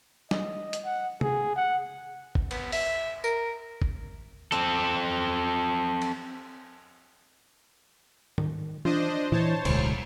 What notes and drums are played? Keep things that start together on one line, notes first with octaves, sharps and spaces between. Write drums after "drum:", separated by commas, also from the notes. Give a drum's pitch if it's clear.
D#5, drum: snare
drum: hi-hat
F#5
G#4, drum: tom C3
F#5
drum: kick G1
B3, drum: cymbal
E5, drum: open hi-hat
A#4, drum: tambourine
drum: kick G1
C4 A4, drum: hi-hat
drum: cymbal
D#3, drum: tom G#2
D4 F4 C5 D#5, drum: tom E3
A#2 E3 C5 C#5 A5
D1 B1 D3 G#3, drum: cymbal